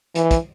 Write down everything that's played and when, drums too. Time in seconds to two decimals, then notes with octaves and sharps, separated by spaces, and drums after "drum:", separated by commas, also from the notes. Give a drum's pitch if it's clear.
0.15 E3, drum: hi-hat
0.31 drum: kick, hi-hat